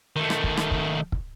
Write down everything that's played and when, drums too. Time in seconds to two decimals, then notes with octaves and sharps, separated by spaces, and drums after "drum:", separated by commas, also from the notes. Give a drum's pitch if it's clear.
0.16 D#3 A3
0.30 drum: rim click
0.44 drum: kick
0.57 drum: rim click
0.71 drum: kick
1.12 drum: kick